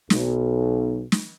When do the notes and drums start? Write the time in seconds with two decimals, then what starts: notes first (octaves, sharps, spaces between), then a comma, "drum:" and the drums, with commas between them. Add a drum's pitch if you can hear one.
0.10 B1, drum: snare
1.12 drum: snare